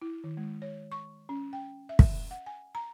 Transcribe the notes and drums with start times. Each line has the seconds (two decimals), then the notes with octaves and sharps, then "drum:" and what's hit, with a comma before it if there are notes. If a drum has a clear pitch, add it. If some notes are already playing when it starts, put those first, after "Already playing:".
0.02 E4
0.24 D#3
0.37 G#3
0.62 C#5
0.92 C#6
1.29 C#4
1.53 G5
1.89 E5
1.99 drum: kick
2.31 F#5
2.46 G#5
2.75 A#5